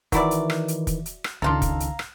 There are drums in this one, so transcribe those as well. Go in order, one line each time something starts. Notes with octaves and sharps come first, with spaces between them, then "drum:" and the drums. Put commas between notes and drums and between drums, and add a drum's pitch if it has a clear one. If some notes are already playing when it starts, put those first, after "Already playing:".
D#3 E3 F#3 E4 D5, drum: kick, hi-hat
drum: hi-hat
drum: rim click
drum: hi-hat
drum: kick, hi-hat
drum: hi-hat
drum: rim click
C#2 D#3 D4 F4 A4 F5 A#5
drum: kick, hi-hat
drum: hi-hat
drum: rim click